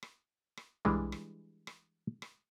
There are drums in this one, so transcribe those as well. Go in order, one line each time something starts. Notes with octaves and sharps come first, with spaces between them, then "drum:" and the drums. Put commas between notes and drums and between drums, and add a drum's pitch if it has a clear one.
drum: rim click
drum: rim click
E3 G3 G#3 D4, drum: tom B1
drum: rim click
drum: rim click
drum: rim click